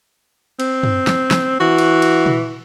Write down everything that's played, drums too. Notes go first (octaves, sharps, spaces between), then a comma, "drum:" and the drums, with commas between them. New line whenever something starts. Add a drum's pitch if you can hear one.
C4, drum: cymbal
drum: tom
drum: snare
drum: snare
E3 F#4
drum: cymbal
drum: cymbal
drum: tom A#2